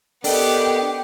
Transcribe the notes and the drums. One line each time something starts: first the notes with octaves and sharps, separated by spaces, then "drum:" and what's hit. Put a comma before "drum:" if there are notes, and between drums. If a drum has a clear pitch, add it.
B3 D4 G4 A4 A#4 D#5 G5, drum: open hi-hat